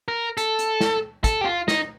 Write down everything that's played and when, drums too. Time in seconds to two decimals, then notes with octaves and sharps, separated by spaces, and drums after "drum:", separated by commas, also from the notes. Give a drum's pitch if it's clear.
0.08 A#4
0.37 A4, drum: hi-hat
0.59 drum: hi-hat
0.81 drum: snare
1.24 A4, drum: kick, hi-hat
1.41 G4
1.45 F4
1.68 D#4, drum: snare